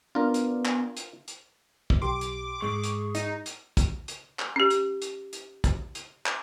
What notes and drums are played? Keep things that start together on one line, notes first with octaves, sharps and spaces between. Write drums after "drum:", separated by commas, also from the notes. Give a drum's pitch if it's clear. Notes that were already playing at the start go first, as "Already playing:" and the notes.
B3 D4 F4 A#4
drum: hi-hat
drum: clap
drum: hi-hat
drum: hi-hat
drum: kick
B1 G4 C6 D6
drum: hi-hat
G#2 G#3 G#4 C#6
drum: hi-hat
D#4, drum: hi-hat
drum: hi-hat
drum: kick, hi-hat
drum: hi-hat
drum: clap
C#4 G4
drum: hi-hat
drum: hi-hat
drum: hi-hat
drum: kick, hi-hat
drum: hi-hat
drum: clap